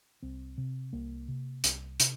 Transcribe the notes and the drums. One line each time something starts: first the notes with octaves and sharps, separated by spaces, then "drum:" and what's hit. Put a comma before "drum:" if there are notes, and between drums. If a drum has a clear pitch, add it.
C2 C4
C3
C2 A#3
C3
C2, drum: hi-hat
C3, drum: hi-hat